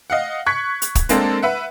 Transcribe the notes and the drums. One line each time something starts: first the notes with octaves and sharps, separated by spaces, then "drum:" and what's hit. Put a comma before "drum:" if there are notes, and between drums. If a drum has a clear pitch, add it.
D#5 F5 F#5
C#6 F#6 G#6 B6 C#7
drum: hi-hat
drum: kick, hi-hat
G#3 A#3 C4 D4 A4 A#4, drum: hi-hat
B4 E5 F#5